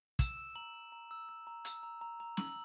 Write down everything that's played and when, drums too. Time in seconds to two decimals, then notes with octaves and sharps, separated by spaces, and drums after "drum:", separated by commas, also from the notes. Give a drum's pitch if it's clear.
0.19 E6 E7, drum: kick, hi-hat
0.37 E6
0.55 A#5 F#7
0.74 E6
0.92 A#5
1.11 E6
1.29 E6
1.47 A#5
1.65 E6, drum: hi-hat
1.83 A#5
2.01 A#5
2.20 A#5
2.37 E6 F#7, drum: snare